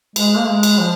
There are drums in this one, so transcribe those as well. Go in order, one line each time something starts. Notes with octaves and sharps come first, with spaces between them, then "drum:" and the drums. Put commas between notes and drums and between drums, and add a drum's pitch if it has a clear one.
G#3, drum: cymbal
A#3
G#3
drum: cymbal
F3